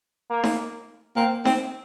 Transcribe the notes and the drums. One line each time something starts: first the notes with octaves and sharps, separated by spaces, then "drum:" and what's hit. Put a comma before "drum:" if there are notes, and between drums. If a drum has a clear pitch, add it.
A#3
drum: snare D#4
A#3 C4
C4, drum: snare D#4